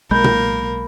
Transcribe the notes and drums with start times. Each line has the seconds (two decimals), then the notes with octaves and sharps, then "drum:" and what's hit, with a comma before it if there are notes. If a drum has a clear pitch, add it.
0.11 B1 G#3 A#3 A#4 B5 G6
0.24 drum: tom A#2